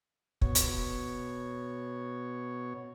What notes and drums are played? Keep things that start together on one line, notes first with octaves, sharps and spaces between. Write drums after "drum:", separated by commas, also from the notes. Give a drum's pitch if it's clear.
B2 C#5, drum: kick
drum: hi-hat